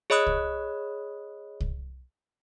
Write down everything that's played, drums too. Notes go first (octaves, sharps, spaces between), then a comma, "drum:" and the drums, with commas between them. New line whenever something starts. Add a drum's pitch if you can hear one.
G#4 C#5 D#5 B5 D#6 F#6
drum: kick C2
drum: kick C2